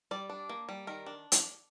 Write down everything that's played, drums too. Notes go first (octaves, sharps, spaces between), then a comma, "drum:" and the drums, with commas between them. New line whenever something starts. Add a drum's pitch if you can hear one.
G3 D5
D4
A#3
G3
D#3 A#4
D4
drum: hi-hat